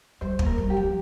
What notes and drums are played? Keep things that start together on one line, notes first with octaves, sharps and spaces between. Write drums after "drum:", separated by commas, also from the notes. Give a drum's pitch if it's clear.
G3 C5
A#3, drum: kick
A#4
G3
G4
F3